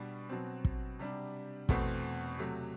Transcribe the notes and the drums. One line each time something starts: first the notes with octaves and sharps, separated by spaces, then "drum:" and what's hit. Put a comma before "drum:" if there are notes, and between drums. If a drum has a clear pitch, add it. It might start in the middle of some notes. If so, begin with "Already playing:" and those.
Already playing: B2 G3 D4
B2 F#3 C4
drum: kick
C3 G3 D4
E2 B2 A3 C4, drum: kick
C3 F#3 A3